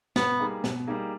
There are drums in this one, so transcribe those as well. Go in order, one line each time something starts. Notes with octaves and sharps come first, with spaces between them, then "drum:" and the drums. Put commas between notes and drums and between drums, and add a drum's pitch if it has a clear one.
B2 B3, drum: snare
G3 A#3 D#4 G#4
B2, drum: snare
G3 A#3 D#4 G#4